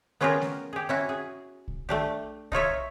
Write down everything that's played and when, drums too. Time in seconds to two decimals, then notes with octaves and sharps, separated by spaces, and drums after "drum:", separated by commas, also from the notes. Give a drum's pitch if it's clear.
0.21 B3 C#4 F4 G4 G#4 A#4
0.41 drum: snare A3
0.73 G4 G#4
0.89 C#4 E4 F#4
1.09 G#4
1.68 drum: kick
1.89 A3 D4 G4
2.52 D#4 F4 C#5 E5, drum: kick